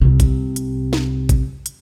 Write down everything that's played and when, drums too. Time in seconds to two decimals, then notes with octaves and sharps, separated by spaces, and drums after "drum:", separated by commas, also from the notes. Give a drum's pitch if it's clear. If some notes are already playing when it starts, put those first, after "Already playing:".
0.01 C2 C3
0.20 drum: kick, hi-hat
0.56 drum: hi-hat
0.93 drum: snare
1.29 drum: kick, hi-hat
1.66 drum: hi-hat